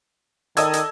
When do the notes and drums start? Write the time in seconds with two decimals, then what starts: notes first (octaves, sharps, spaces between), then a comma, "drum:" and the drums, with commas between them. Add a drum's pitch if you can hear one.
0.57 D#3 A4 D5 D#5 D#6 E6 G#6, drum: hi-hat
0.73 drum: hi-hat